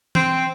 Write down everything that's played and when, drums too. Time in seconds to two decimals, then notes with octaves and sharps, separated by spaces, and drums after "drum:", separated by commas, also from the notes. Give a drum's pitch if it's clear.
0.15 C4, drum: tom E3